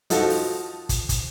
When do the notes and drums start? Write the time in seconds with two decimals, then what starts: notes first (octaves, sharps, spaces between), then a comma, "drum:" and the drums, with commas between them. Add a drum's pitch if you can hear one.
0.10 F3 D#4 F4 F#4 A4, drum: hi-hat
0.30 drum: open hi-hat
0.89 drum: kick, hi-hat
1.09 drum: kick, hi-hat